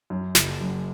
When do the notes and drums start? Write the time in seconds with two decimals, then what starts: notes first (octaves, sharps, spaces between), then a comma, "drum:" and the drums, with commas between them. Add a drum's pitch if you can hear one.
0.10 F#2
0.35 F#1, drum: snare
0.60 F#2